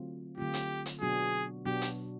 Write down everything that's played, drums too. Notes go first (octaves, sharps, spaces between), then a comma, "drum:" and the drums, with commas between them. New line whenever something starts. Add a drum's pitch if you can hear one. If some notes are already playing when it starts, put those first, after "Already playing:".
Already playing: D3 F#3 A3 C4 F4
D3 F#3 A3 C4 F4 G4
drum: hi-hat
drum: hi-hat
B2 F#3 B3 D4 F#4 G#4
B2 F#3 B3 D4 F#4 G4
drum: hi-hat